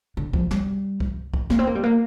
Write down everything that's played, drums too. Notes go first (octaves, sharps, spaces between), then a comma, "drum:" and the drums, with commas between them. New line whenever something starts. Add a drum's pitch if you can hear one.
D3
F3, drum: kick C2
G3, drum: snare
drum: kick C2
drum: kick C2
A#3, drum: snare
C4
A#3
G3
A#3